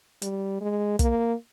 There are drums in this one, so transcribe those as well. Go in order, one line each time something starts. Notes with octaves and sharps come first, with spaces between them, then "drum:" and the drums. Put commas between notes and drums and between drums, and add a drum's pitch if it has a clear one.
G3, drum: hi-hat
G#3
A#3, drum: kick, hi-hat